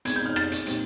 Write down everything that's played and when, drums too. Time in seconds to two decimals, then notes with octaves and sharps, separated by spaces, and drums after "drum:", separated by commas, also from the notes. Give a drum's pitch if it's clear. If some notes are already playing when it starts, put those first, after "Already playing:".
0.05 B2 G#3 C4 G#6, drum: hi-hat
0.16 G6
0.25 F6
0.36 A6, drum: rim click
0.52 drum: hi-hat
0.66 A#2 G3 C4 D#4, drum: hi-hat